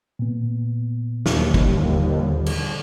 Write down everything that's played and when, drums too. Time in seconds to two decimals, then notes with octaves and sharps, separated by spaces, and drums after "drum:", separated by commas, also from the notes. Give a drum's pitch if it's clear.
0.19 A#2 B3
1.26 D#2 D3 F3 G3, drum: snare
1.54 drum: kick
2.46 drum: cymbal